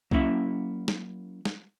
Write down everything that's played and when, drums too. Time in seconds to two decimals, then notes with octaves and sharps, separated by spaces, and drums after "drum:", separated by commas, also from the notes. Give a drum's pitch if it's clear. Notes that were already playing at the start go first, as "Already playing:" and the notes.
0.11 F#3 A#3 C#4 E4 E5, drum: kick
0.88 drum: snare
1.45 drum: snare